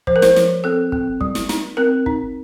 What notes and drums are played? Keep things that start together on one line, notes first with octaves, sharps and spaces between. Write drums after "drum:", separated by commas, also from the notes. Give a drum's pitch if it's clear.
F3 C5, drum: kick
A#4
C5, drum: snare
F3, drum: snare
C4 A4
C4, drum: kick
G3, drum: kick
drum: snare
D#4, drum: snare
C4 A#4
D#4, drum: kick